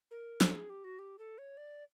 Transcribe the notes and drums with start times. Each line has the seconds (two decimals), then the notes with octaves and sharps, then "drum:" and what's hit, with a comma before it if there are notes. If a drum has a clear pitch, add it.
0.11 A#4
0.41 A4, drum: snare
0.55 G#4
0.70 G4
0.84 F#4
0.99 G4
1.19 A4
1.38 C#5
1.57 D5